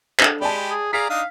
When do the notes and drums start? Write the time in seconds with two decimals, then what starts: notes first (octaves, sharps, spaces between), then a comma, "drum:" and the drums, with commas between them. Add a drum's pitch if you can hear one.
0.20 D4 A4, drum: clap
0.41 G#3 G4 D5 G5 A5 B5
0.70 G#4
0.93 G#4 D5 F5 A#5 B6 C7
1.10 D4 D#4 F5 D#6